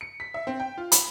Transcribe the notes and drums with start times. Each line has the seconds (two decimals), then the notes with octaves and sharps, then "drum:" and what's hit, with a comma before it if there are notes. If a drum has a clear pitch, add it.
0.01 C#7
0.20 B6
0.34 E5
0.47 C4
0.60 G5
0.78 F4
0.92 B5, drum: hi-hat